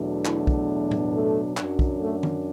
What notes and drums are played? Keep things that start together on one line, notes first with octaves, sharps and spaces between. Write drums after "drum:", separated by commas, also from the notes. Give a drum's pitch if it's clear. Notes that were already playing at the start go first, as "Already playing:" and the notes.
Already playing: E2 B2 F#3 A3 D4
E4, drum: clap
drum: kick
drum: tom A2
A3 A4
F#2 F#3 D4, drum: clap
drum: kick
A3 A4
drum: tom D#3